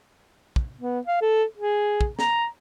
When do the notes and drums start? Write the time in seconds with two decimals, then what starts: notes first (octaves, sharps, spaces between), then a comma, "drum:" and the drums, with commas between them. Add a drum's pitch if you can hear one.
0.56 drum: kick
0.79 B3
1.07 F5
1.21 A4
1.57 G#4
2.01 drum: kick
2.19 A#5, drum: snare